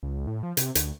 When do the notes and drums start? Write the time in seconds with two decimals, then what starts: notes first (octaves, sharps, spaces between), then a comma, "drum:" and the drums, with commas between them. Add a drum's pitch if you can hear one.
0.03 C#2
0.27 A2
0.43 F3
0.57 C3, drum: hi-hat
0.75 D2, drum: hi-hat